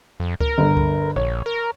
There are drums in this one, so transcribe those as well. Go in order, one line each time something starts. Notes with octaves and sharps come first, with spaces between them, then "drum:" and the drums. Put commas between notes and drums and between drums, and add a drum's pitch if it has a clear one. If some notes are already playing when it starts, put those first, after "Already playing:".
F2
A#4, drum: kick C#2
G1 D3
drum: kick C#2
A#1 C#5
A#4